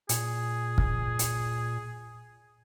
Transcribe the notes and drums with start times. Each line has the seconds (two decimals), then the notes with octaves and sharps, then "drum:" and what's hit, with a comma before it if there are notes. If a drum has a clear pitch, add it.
0.09 A#2 G#4, drum: hi-hat
0.78 drum: kick
1.19 drum: hi-hat